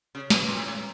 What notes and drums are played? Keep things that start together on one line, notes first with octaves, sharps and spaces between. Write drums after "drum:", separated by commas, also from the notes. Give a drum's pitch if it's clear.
C#3
B2, drum: snare
A#2
A2
A2